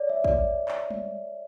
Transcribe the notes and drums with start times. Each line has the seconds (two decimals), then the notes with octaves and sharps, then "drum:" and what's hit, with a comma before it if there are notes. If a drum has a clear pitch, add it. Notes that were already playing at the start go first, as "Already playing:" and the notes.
Already playing: C#5 D5
0.09 E5
0.24 D5, drum: kick
0.68 drum: clap
0.90 drum: tom G3